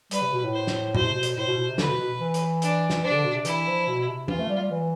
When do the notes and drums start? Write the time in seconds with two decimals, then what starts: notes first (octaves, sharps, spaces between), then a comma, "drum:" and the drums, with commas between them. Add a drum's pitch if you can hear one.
0.11 G3 B4, drum: hi-hat
0.22 C3
0.33 B2
0.43 A2
0.53 C5
0.67 drum: snare
0.95 B2 C5, drum: tom A2
1.04 C3
1.13 B2
1.23 drum: hi-hat
1.37 A2 C5
1.47 B2
1.58 B2
1.69 C3
1.78 D3 B4, drum: snare
1.89 B2
2.00 B2
2.20 E3
2.34 drum: hi-hat
2.62 D4, drum: hi-hat
2.90 drum: snare
3.03 F3 D4
3.10 C3
3.14 D3
3.25 B2
3.35 C3
3.45 E3 E4, drum: hi-hat
3.67 F3
3.87 B2
4.08 C3
4.28 E3 F4, drum: tom
4.39 A3
4.49 G3
4.60 G3
4.71 E3